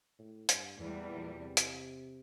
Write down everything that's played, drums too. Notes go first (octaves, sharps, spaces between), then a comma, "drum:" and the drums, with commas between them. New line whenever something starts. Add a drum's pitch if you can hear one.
A2
G2, drum: hi-hat
E2 A2 E3 G3
A#2
C3
drum: hi-hat